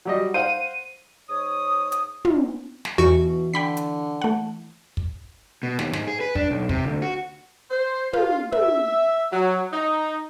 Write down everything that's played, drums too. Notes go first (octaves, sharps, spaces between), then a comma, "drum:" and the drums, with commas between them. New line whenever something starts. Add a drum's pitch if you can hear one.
F#3 G3 D#5
C5 F5 F#5 D#7
G#2 C#5 D#6
drum: hi-hat
drum: tom
drum: snare
E2 B2 E3 F#4 C#7
D3 G5 B5 B6
drum: hi-hat
A3 F#5
drum: kick
B2
D#2, drum: snare
G#2, drum: snare
G#4
B4
D4, drum: kick
B1
C3, drum: kick
D2
F#4
C5
F4, drum: tom
E5, drum: tom
F#3
D#4